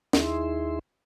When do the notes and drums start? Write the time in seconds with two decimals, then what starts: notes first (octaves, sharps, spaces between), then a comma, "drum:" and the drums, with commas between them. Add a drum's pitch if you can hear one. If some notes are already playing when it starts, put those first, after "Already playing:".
0.13 D#2 D#4 E4 G#4 E5 C6, drum: snare